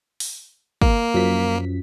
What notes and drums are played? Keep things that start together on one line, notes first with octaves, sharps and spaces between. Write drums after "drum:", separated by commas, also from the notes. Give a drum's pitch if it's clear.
drum: open hi-hat
A#3, drum: kick
F#2 F3 B6